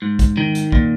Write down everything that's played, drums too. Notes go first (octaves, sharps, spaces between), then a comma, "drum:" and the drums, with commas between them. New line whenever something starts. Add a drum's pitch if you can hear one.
G#2
drum: kick, hi-hat
D#3
drum: hi-hat
A#2, drum: kick